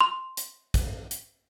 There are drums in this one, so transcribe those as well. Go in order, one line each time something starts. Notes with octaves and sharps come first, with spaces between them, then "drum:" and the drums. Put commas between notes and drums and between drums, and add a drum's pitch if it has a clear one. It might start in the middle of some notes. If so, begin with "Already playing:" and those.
C6
drum: hi-hat
drum: kick, hi-hat
drum: hi-hat